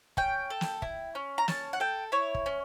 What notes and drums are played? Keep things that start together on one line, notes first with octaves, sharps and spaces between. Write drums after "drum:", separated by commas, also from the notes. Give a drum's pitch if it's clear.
C#4 G5, drum: kick
A4
drum: snare
E4, drum: kick
C#4
A#5
C#4 A5, drum: snare
F#5
A4 G5
E4 C#5
drum: kick
C#4